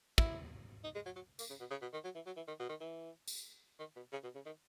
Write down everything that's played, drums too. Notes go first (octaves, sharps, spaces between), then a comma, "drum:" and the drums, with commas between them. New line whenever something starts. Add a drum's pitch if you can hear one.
E4, drum: kick
D#4
G#3
F#3
F#3
A#3, drum: tambourine
C#3
B2
C#3
B2
D#3
F#3
E3
F#3
E3
D#3
B2
D#3
E3
drum: tambourine
D#3
B2
C#3
B2
C#3
D#3